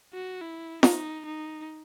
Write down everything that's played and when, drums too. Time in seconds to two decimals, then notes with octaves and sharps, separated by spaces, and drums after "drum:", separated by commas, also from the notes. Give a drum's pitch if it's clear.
0.13 F#4
0.41 E4
0.83 D#4, drum: snare
1.26 D#4